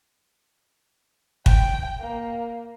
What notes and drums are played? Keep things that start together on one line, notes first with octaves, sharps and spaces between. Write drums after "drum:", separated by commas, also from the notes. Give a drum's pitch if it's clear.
G5, drum: kick
A#3